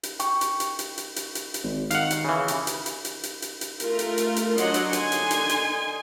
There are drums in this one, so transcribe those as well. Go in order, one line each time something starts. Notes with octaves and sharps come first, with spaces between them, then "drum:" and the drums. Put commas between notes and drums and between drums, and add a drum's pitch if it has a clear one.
drum: hi-hat
G5 C#6, drum: hi-hat
drum: hi-hat
drum: hi-hat
drum: hi-hat
drum: hi-hat
drum: hi-hat
drum: hi-hat
drum: hi-hat
G#1
D#3 F5 F#5, drum: hi-hat
drum: hi-hat
C#3 E3
drum: hi-hat
drum: hi-hat
drum: hi-hat
drum: hi-hat
drum: hi-hat
drum: hi-hat
drum: hi-hat
A3 F4 A#4, drum: hi-hat
drum: hi-hat
drum: hi-hat
drum: hi-hat
F#3 D4 C#5 D#5 F#5 C6, drum: hi-hat
drum: hi-hat
D3 D#4 G#5 C6, drum: hi-hat
drum: hi-hat
drum: hi-hat
drum: hi-hat